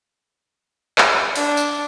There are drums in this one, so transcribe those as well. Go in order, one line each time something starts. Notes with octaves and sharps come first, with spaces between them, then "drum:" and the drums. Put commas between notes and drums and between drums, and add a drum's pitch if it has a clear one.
drum: clap
D4, drum: open hi-hat
drum: tambourine